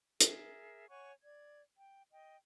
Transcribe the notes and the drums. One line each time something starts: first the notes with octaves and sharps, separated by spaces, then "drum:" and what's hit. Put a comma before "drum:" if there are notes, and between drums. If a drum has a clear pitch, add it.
G#4 A#4 E5, drum: hi-hat
C#5 F#5 G#5 C#6
D5 G#6
G5
D#5 G5